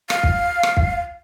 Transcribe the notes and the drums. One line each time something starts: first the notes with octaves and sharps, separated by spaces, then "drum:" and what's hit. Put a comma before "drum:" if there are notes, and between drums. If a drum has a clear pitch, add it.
F5, drum: rim click
drum: kick
drum: rim click
drum: kick